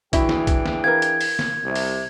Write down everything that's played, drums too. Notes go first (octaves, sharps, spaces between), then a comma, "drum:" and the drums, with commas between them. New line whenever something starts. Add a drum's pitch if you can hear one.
E3 D4 E4 F#4 G#4 E5 G5, drum: kick A#1, hi-hat
drum: snare
drum: kick A#1, hi-hat
drum: snare
A#4 B4 F5 G#6
drum: hi-hat
drum: open hi-hat
drum: snare
C2 C3
drum: open hi-hat